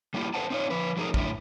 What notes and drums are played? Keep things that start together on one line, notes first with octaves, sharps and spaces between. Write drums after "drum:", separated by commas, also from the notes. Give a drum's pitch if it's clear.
G3 A3 A#3 E4 F4 G4
A4 B4 C5 F#5 A5
C4 D#4 F4 C#5
F3 B4
F3 F#3 A3 D#4 G#4 A#4
F#2 A2 D3 E4, drum: kick